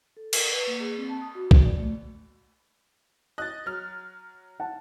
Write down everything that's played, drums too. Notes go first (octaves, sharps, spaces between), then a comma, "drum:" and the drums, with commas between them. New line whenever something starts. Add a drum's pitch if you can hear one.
A4
A#4, drum: cymbal
B4
A#3
G#4
C4
A5
D#6
F#4
F#4, drum: kick
D5
A3
D#5 F#6 A6
F#3 F6
F#5 A5